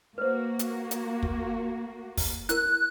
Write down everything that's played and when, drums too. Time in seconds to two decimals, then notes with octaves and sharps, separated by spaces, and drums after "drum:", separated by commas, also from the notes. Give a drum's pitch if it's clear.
0.18 A#3 F#4 B4 C5
0.59 drum: hi-hat
0.91 drum: hi-hat
1.23 drum: kick
2.17 drum: kick, open hi-hat
2.49 E4 A#4 F#6, drum: hi-hat